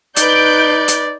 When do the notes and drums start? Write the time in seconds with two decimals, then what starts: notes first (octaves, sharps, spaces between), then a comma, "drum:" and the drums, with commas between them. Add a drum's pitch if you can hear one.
0.17 D#4 B4 D5 F#6 G6 D7, drum: hi-hat
0.88 drum: hi-hat